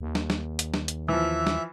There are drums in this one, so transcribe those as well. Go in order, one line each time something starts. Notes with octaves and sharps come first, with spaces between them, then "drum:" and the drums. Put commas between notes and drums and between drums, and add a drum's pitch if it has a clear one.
D#2
drum: snare
drum: snare
drum: hi-hat
drum: snare
drum: hi-hat
E3 F3 E5
drum: snare